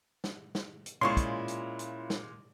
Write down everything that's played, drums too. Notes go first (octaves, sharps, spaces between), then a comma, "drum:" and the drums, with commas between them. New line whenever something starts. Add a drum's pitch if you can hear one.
drum: snare
drum: snare
drum: hi-hat
A#2 G#3 C#4 E4 F4 C6 C#6
drum: kick, hi-hat
drum: hi-hat
drum: hi-hat
drum: snare